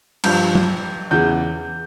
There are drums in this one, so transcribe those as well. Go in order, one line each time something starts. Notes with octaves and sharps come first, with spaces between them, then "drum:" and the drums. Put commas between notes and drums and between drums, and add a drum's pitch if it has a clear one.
G2 F3 G6, drum: cymbal
drum: tom
E2 C#3 E3 G6